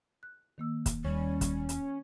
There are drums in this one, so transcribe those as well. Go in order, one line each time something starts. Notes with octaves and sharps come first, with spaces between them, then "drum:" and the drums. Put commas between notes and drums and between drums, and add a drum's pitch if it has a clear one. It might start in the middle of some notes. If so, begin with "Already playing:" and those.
F#6
D#3 A#3 E6
drum: kick, hi-hat
D#2 G3 C#4
drum: kick, hi-hat
drum: hi-hat